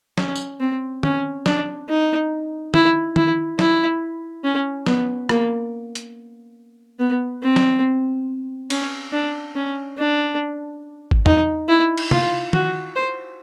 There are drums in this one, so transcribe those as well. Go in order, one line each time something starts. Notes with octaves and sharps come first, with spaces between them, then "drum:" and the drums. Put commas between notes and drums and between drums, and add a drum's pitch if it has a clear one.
C#4, drum: snare
drum: tambourine
C4
C#4, drum: tom
D4, drum: snare
D#4
E4, drum: tom
E4, drum: tom D#3
E4, drum: snare
C#4
B3, drum: snare
A#3, drum: rim click
drum: hi-hat
B3
C4
drum: snare
C#4, drum: cymbal
D4
C#4
D4
drum: kick G#1
D#4, drum: tom
E4
drum: cymbal
F4, drum: tom
F#4, drum: tom D#3
C5